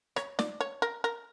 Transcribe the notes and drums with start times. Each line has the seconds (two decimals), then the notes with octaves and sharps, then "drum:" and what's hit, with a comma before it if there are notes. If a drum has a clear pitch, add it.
0.16 C#5, drum: rim click
0.39 D5, drum: snare
0.61 C#5
0.82 A#4
1.04 A#4